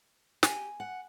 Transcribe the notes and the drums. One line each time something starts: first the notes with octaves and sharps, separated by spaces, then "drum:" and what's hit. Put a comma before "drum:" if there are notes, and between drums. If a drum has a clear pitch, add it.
G4 G#5, drum: snare
F#5